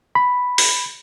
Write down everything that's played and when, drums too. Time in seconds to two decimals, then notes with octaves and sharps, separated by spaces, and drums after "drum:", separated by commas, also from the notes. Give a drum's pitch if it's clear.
0.15 B5
0.58 drum: open hi-hat